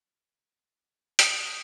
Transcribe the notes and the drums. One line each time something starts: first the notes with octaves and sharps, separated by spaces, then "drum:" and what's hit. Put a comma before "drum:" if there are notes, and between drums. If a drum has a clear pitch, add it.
D#6, drum: hi-hat